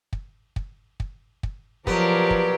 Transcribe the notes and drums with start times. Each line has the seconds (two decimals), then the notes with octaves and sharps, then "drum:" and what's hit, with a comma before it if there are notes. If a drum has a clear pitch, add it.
0.13 drum: kick
0.56 drum: kick
1.00 drum: kick
1.43 drum: kick
1.87 F3 F#3 B3 G4 A#4 D5, drum: kick
2.30 drum: kick